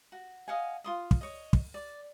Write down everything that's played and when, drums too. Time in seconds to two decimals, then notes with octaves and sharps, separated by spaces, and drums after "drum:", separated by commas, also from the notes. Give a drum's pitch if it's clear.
0.12 F#4
0.48 D#5 F5 F#5 G#5
0.84 F4 C6 D#6
1.11 drum: kick
1.21 C#5 D#5
1.53 drum: kick
1.74 D5